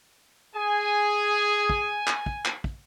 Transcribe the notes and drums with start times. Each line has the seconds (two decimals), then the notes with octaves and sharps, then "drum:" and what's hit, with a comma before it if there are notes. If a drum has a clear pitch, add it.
0.56 G#4 G#5
1.69 drum: kick
2.07 drum: clap
2.26 drum: kick
2.45 drum: clap
2.64 drum: kick